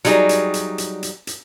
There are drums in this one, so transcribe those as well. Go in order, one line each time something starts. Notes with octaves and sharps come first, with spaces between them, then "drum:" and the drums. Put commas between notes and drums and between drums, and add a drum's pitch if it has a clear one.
F#3 G3 D#4 G#4, drum: hi-hat
drum: hi-hat
drum: hi-hat
drum: hi-hat
drum: hi-hat
drum: hi-hat